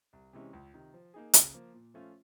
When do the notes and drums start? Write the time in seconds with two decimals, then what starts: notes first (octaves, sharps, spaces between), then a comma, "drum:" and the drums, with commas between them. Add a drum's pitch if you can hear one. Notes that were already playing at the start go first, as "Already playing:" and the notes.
0.13 C2
0.33 C3 E3 G#3 C#4
0.53 C#2
0.73 C3 D#3
0.94 F3
1.14 A#3 D#4 G#4
1.34 C#3, drum: hi-hat
1.54 F3 A#3
1.74 A#2
1.94 F3 A3 C#4 F4